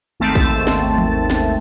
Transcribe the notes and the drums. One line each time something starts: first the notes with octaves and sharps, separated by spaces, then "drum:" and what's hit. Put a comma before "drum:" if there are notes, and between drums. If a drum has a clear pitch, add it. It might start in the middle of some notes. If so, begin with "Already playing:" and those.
G#1 D#2 A3 C4 A5
drum: kick
drum: snare
drum: tom E3
drum: snare